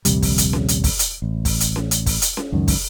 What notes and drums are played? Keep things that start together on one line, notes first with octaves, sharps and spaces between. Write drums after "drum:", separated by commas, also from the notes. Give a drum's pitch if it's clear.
A#1 D#2 C3 G3, drum: hi-hat
drum: kick, open hi-hat
drum: hi-hat
drum: snare C#4
drum: hi-hat
drum: kick, open hi-hat
drum: hi-hat
A1
drum: kick, open hi-hat
drum: hi-hat
drum: snare C#4
drum: hi-hat
drum: kick, open hi-hat
drum: hi-hat
drum: snare C#4
C#2 F#2 D#3
drum: kick, open hi-hat